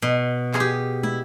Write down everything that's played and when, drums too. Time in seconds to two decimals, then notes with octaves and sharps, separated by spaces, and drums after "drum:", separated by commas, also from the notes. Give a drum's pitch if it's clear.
0.02 B2
0.54 G#4, drum: clap
0.60 G4
1.03 E4, drum: tom